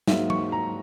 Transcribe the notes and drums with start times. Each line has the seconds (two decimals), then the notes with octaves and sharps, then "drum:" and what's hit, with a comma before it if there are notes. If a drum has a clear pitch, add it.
0.07 G#2 F#3 A#3 E5, drum: snare
0.30 C#6, drum: tom F#3
0.52 A#5